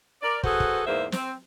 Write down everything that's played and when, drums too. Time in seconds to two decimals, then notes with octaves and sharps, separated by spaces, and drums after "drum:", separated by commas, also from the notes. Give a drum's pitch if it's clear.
0.23 A#4 D5
0.43 F#4 G#4 A4 B4 C5, drum: kick
0.60 drum: kick
0.87 E2 G#2 A#3 C5 E5
1.12 C4, drum: snare